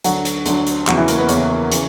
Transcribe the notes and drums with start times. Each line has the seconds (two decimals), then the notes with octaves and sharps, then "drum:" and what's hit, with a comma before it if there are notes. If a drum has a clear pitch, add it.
0.04 D2 D3 F#3 F#4, drum: hi-hat
0.25 drum: hi-hat
0.46 D2 D3 F#3, drum: hi-hat
0.67 drum: hi-hat
0.87 E2 C#3 E3 F#3 F#4, drum: clap
0.97 E3 E4
1.08 A#3 A#4, drum: hi-hat
1.18 B3 B4
1.29 E2 C#3 E3 C#4 C#5, drum: hi-hat
1.72 C#3 E3, drum: hi-hat